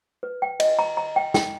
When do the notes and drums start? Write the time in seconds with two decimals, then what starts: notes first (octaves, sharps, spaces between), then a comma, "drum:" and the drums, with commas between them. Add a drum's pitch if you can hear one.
0.23 B4
0.42 G5
0.60 D#5, drum: cymbal
0.79 A#5
0.97 A#5
1.16 G5
1.34 G5, drum: snare